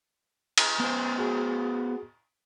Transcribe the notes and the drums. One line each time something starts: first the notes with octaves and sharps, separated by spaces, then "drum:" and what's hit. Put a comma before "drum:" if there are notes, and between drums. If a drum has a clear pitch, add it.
drum: cymbal
B3 C5
F#4 G#4